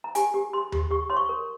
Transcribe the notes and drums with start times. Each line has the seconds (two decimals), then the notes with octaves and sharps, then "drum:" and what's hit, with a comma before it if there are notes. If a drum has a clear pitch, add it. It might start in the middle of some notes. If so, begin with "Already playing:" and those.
0.04 A#5
0.15 G4 G#5, drum: hi-hat
0.34 G4
0.53 G4 C6
0.72 G4, drum: tom D#2
0.91 G4 C#6
1.10 C#5 C6
1.17 C#6
1.29 A#4